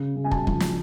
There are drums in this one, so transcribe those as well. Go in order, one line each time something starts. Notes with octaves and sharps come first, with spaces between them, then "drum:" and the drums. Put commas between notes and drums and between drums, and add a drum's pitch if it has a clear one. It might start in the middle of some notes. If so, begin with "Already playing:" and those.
Already playing: C#3
C#3
G#5
A5, drum: kick
F3, drum: kick
drum: snare